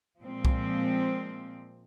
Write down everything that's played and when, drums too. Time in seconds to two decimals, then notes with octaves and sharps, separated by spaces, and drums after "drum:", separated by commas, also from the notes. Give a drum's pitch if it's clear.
0.22 A#2 F3 G#3 C4
0.45 drum: kick C2